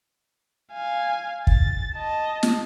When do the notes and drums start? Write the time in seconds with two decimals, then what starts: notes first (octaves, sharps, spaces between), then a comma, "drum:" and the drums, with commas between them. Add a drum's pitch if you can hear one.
0.73 F5 G#5
1.47 A6, drum: kick
1.95 D#5 A5
2.43 drum: snare